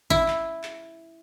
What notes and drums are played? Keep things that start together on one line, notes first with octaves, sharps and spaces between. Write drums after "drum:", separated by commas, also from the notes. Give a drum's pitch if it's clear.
E4, drum: kick G#1
drum: clap
drum: clap